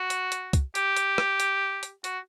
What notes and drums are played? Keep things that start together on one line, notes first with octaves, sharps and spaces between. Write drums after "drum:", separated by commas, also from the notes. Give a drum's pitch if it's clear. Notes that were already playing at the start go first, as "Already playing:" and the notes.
Already playing: F#4
drum: hi-hat
drum: hi-hat
drum: kick, hi-hat
G4, drum: hi-hat
drum: hi-hat
drum: rim click
drum: hi-hat
drum: hi-hat
F#4, drum: hi-hat